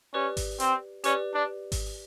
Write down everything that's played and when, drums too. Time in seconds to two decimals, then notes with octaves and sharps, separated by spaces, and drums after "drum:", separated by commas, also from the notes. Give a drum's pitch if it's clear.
0.14 C#4 G4 B4 D5
0.37 drum: kick G#1, open hi-hat
0.60 C4, drum: hi-hat
1.04 C#4 G4 B4 D5, drum: hi-hat
1.34 D4
1.72 drum: kick G#1, open hi-hat